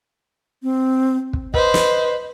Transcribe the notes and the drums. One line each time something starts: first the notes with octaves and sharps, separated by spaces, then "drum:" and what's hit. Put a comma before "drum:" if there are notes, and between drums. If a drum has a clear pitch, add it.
C4
drum: kick
B4 C5 D#5, drum: kick
drum: snare